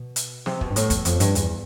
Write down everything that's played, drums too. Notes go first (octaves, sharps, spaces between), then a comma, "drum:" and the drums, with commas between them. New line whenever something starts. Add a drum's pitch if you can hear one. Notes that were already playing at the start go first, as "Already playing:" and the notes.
Already playing: B2
drum: hi-hat
C3, drum: snare
B2, drum: kick
G2
A2, drum: hi-hat
E2, drum: hi-hat
F2, drum: hi-hat
G2, drum: hi-hat
E2, drum: hi-hat